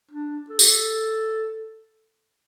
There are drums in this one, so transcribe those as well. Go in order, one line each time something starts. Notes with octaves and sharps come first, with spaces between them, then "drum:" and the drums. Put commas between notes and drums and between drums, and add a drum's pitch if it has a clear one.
D4
A4
G4, drum: tambourine
A4